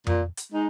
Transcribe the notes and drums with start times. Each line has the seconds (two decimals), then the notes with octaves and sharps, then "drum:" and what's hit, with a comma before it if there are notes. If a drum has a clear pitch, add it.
0.07 A#2, drum: tom F2
0.37 drum: hi-hat
0.52 G#3 D#4